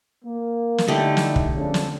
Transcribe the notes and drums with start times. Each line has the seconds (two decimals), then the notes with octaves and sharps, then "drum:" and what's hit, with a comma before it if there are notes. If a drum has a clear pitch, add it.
0.24 A#3
0.78 drum: snare
0.88 D3 G3 A3 D#4 E4 G4
1.17 drum: snare
1.36 drum: kick
1.55 F2 C#3 D4
1.74 drum: snare